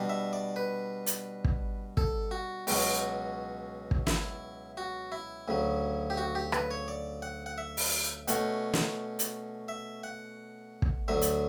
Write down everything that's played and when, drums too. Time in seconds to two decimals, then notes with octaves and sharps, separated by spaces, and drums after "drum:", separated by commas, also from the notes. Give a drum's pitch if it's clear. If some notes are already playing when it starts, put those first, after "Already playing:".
Already playing: B2 G3 D4
0.09 E5
0.33 D5
0.56 B4
1.06 drum: hi-hat
1.44 drum: kick
1.97 A4, drum: kick
2.31 F#4
2.67 C#2 B2 F#3 C#4 F#4, drum: open hi-hat
3.91 drum: kick
4.07 E4, drum: snare
4.77 F#4
5.12 E4
5.48 D2 C#3 F#3
6.10 G4
6.17 F#4
6.35 G4
6.52 B4, drum: rim click
6.71 C#5
6.88 D5
7.22 F#5
7.46 F#5
7.58 E5
7.77 drum: open hi-hat
8.28 B2 A3 C#4 F#5, drum: hi-hat
8.73 drum: snare
9.19 drum: hi-hat
9.68 E5
10.03 F#5
10.82 drum: kick
11.08 D2 D3 F#3 E5
11.22 drum: hi-hat